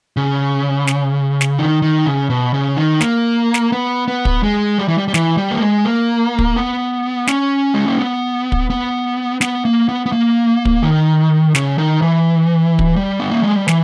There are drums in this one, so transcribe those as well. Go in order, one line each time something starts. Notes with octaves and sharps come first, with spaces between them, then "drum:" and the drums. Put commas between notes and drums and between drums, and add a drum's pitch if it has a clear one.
C#3
drum: snare
drum: snare
D#3
D#3
C#3
B2
C#3
D#3
A#3, drum: snare
drum: snare
B3
B3
drum: kick
G#3
G3
E3
G3
G3
E3, drum: snare
G3
A#3
G#3
A#3
drum: kick
B3
C#4, drum: snare
G#3
A#3
B3
drum: kick
B3
B3, drum: snare
A#3
B3
B3
A#3
drum: kick
D#3
C#3, drum: snare
D#3
E3
drum: kick
G3
B3
A#3
G#3
G3
E3, drum: snare